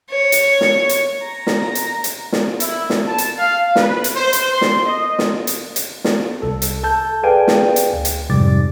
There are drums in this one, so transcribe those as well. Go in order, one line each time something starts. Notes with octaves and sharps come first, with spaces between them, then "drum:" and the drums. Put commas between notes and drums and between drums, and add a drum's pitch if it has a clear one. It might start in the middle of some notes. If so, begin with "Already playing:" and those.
C#5
drum: hi-hat
drum: snare
drum: hi-hat
A#5
drum: snare
drum: hi-hat
drum: hi-hat
drum: snare
E4, drum: hi-hat
drum: snare
A5
drum: hi-hat
F5
B4, drum: snare
drum: hi-hat
C5
drum: hi-hat
C6
drum: snare
D#5
drum: snare
drum: hi-hat
drum: hi-hat
drum: snare
C2 A4
drum: hi-hat
A4 A5 G6
G#4 B4 D5 F5 G5 G#5
drum: snare
drum: hi-hat
D2
drum: hi-hat
F2 G#2 C3 G3 D6 A6